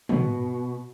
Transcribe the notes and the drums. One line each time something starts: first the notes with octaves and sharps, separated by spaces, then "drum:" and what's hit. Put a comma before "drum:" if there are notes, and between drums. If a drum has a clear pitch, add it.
B2, drum: tom